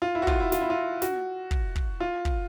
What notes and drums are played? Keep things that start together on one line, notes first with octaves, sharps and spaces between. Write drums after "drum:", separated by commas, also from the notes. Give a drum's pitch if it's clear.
F4
E4
F#4
F4, drum: kick
E4
F4, drum: snare
E4
F4
F#4, drum: snare
drum: kick
drum: kick
F4
drum: kick